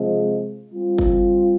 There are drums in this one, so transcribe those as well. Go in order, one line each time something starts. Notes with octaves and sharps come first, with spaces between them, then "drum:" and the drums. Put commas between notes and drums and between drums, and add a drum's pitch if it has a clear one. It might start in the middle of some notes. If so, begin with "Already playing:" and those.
Already playing: C3 F3 G#3
G3 C4 F4
drum: kick G1